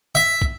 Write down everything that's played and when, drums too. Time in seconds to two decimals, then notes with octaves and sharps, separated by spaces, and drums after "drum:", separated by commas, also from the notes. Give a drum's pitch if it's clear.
0.15 E5
0.42 drum: kick